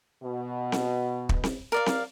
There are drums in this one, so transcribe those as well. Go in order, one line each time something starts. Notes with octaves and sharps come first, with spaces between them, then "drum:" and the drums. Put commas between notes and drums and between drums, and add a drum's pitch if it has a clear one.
B2
drum: snare C4
drum: kick
drum: snare C4
A#4 D5 F5
drum: snare C4